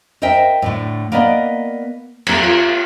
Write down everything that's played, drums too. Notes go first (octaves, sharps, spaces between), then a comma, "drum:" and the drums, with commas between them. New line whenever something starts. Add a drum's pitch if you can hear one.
A#4 C5 D#5 E5 G5
A2 D3 A3
A#3 B3 A#4 D5 D#5
A#3 A4, drum: cymbal
F4